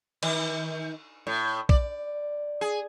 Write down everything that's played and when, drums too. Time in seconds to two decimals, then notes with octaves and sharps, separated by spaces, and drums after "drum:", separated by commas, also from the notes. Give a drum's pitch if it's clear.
0.23 D#3, drum: cymbal
1.27 A2
1.69 D5, drum: kick
2.61 G#4